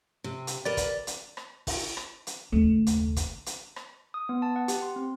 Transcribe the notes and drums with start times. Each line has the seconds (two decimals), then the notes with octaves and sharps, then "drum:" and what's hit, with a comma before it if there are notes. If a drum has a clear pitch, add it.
0.24 C3
0.47 drum: hi-hat
0.65 A#4 B4 D5
0.77 drum: kick, hi-hat
1.07 drum: hi-hat
1.37 drum: rim click
1.67 drum: kick, open hi-hat
1.97 drum: rim click
2.27 drum: hi-hat
2.52 F#1 D#2 A3
2.87 drum: hi-hat
3.16 drum: kick, hi-hat
3.46 drum: hi-hat
3.76 drum: rim click
4.14 D#6
4.29 B3
4.42 A5
4.56 F#5
4.68 G4, drum: hi-hat
4.82 C6
4.96 C4